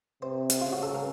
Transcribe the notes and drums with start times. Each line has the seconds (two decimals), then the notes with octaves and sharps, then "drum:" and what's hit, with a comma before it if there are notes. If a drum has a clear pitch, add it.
0.22 C3 C5
0.50 drum: hi-hat
0.61 C#3 F4
0.72 F#4
0.83 A4
0.95 A#4